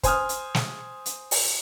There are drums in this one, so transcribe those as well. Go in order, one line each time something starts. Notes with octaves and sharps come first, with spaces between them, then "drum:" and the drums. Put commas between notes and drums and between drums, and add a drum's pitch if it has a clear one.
C5 G#5 D#6 F6, drum: kick, hi-hat
drum: hi-hat
drum: snare
drum: hi-hat
drum: open hi-hat